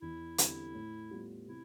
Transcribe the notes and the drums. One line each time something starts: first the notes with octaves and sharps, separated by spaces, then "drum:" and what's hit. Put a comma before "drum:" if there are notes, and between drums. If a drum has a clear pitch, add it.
E2 E4
D3 G3 C4, drum: hi-hat
A2
G3 B3 F4
C3 E4